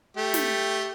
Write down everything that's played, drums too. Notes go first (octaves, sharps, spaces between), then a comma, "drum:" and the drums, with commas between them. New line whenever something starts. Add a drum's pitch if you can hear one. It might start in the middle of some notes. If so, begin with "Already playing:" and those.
A3 G4
drum: snare